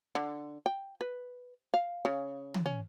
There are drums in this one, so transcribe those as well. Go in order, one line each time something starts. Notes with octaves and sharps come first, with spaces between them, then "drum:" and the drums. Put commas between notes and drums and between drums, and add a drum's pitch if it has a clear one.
D3
G5
B4
F5
C#3
drum: tom
C#4